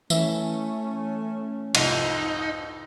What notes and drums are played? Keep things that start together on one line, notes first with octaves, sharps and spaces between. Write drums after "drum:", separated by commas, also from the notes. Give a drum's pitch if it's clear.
E3 A3 C#4 E5, drum: tambourine
C2 F2 G#2 D#4, drum: cymbal